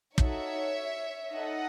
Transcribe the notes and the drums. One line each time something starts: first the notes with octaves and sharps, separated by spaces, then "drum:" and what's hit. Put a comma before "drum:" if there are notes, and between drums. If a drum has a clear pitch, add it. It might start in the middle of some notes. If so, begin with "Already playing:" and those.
D#4 F#4 A4 C#5 E5, drum: kick
D#4 A4 D#5 F#5